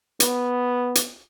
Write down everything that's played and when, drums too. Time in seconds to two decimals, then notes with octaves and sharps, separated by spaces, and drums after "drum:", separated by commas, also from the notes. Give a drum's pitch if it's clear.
0.20 B3, drum: hi-hat
0.95 drum: hi-hat